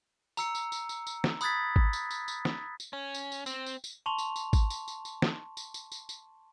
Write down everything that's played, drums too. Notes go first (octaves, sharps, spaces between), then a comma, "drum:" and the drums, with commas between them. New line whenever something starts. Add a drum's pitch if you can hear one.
A#5 E6 C#7, drum: tambourine
drum: tambourine
drum: tambourine
drum: tambourine
drum: tambourine
drum: snare
B5 D#6 F#6 G#6 A6 B6, drum: tambourine
drum: kick G#1
drum: tambourine
drum: tambourine
drum: tambourine
drum: snare
drum: tambourine
C#4
drum: tambourine
drum: tambourine
C4, drum: tambourine
drum: tambourine
drum: tambourine
A5 C6 C#6 F7
drum: tambourine
drum: tambourine
drum: kick G#1, tambourine
drum: tambourine
drum: tambourine
drum: tambourine
drum: snare
drum: tambourine
drum: tambourine
drum: tambourine
drum: tambourine